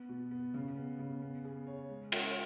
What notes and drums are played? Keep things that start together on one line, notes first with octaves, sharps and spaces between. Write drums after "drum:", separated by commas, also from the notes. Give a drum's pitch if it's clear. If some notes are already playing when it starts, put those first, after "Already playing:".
Already playing: B3
B2
B3
C#3
B3
C#3
B3
G#4
C#5
G#3
C#4, drum: cymbal